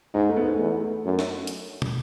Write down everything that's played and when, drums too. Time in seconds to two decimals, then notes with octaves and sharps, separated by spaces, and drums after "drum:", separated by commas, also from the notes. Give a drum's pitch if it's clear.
0.14 G#2 D#4
0.29 A3
0.36 B3
0.48 A3
0.59 E2
1.05 F#2
1.19 drum: snare
1.47 drum: hi-hat
1.82 drum: tom